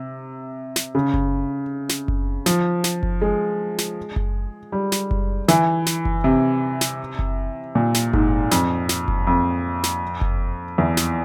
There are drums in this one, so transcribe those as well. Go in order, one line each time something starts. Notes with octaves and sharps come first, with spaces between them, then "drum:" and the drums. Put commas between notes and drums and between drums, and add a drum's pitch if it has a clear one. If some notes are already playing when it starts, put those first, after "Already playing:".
Already playing: C3
drum: snare
C#3
drum: kick F#1
drum: snare
drum: kick F#1
F3, drum: snare
drum: snare
drum: kick F#1
G#3
drum: snare
drum: kick F#1
G3
drum: snare
drum: kick F#1
E3, drum: snare
drum: snare
drum: kick F#1
C3
drum: snare
drum: kick F#1
A#2
drum: snare
G#2, drum: kick F#1
F2, drum: snare
drum: snare
drum: kick F#1
F2
drum: snare
drum: kick F#1
E2
drum: snare